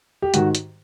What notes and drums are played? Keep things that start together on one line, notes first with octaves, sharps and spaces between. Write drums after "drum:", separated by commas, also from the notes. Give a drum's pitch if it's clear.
G4
G#2 D#3 F#4, drum: hi-hat
drum: hi-hat